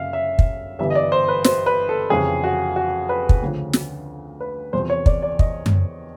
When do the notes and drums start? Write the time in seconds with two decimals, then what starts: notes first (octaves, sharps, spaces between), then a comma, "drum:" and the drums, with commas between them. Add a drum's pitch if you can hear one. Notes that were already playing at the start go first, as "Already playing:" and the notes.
Already playing: G1 F#2 C#3 E5 F5
0.13 E5
0.39 drum: kick
0.79 G1 G2 E3 E5
0.90 D#5
0.95 D5
1.12 C5
1.28 B4
1.44 C5, drum: snare
1.66 B4
1.89 A4
2.10 F1 F2 C#3 E3 G#4
2.44 F#4
2.76 F#4
3.09 B4
3.29 drum: kick
3.42 D2 C#3 F3
3.73 drum: snare
4.40 B4
4.73 E2 C3 F3 C5
4.90 C#5
5.06 D5, drum: kick
5.22 D5
5.39 D#5, drum: kick
5.66 drum: tom F#2